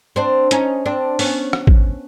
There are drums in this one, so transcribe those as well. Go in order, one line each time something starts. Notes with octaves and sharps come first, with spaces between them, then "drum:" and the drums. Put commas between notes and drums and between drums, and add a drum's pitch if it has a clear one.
C4 D4
C#4 D#4, drum: hi-hat
C4 D4
B3 C#4, drum: open hi-hat
drum: rim click
drum: kick A1